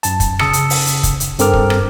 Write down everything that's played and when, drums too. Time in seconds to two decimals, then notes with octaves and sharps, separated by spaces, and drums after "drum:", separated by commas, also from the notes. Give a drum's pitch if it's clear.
0.03 F#2 A5, drum: hi-hat
0.20 drum: kick, hi-hat
0.39 C#3 A5 D#6 E6 C#7, drum: rim click
0.53 drum: hi-hat
0.70 drum: open hi-hat
0.87 drum: hi-hat
1.03 drum: kick, hi-hat
1.20 drum: hi-hat
1.39 G2 C4 A4 A#4 D6 F6, drum: hi-hat
1.53 drum: kick
1.70 drum: rim click